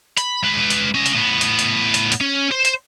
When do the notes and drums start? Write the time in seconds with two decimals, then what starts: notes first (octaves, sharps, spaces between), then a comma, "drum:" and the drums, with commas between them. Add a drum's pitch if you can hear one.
0.17 B5, drum: hi-hat
0.43 G#3 B4
0.70 drum: hi-hat
0.95 C#4 D#5
1.06 drum: hi-hat
1.15 A2 B3
1.41 drum: hi-hat
1.59 drum: hi-hat
1.94 drum: hi-hat
2.12 drum: hi-hat
2.21 C#4
2.51 C5
2.65 drum: hi-hat